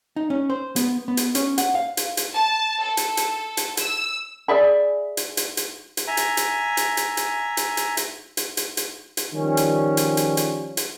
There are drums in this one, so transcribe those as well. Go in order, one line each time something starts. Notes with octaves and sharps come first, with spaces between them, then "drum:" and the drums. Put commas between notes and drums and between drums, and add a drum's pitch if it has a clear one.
D#4
C#4
C5
B3, drum: hi-hat
B3
drum: hi-hat
C#4, drum: hi-hat
F#5, drum: hi-hat
F5
drum: hi-hat
drum: hi-hat
A5
A4
drum: hi-hat
drum: hi-hat
drum: hi-hat
E6, drum: hi-hat
G#4 D5 E5 B5
drum: hi-hat
drum: hi-hat
drum: hi-hat
drum: hi-hat
E5 G#5 A#5
drum: hi-hat
drum: hi-hat
drum: hi-hat
drum: hi-hat
drum: hi-hat
drum: hi-hat
drum: hi-hat
drum: hi-hat
drum: hi-hat
drum: hi-hat
drum: hi-hat
drum: hi-hat
D#3 F3 G3 C#4
drum: hi-hat
drum: hi-hat
drum: hi-hat
drum: hi-hat
drum: hi-hat